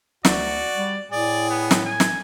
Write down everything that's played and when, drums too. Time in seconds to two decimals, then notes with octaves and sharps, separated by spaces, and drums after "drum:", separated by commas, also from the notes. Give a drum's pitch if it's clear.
0.25 D2 F#4 D5, drum: snare
0.76 G3
1.12 A2 G#4 D5
1.50 B3
1.71 drum: snare
1.85 G#5
2.00 drum: snare